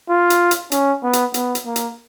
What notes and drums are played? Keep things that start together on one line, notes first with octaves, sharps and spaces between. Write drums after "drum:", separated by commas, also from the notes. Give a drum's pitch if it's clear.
F4
drum: hi-hat
drum: hi-hat
C#4, drum: hi-hat
B3
drum: hi-hat
B3, drum: hi-hat
drum: hi-hat
A#3
drum: hi-hat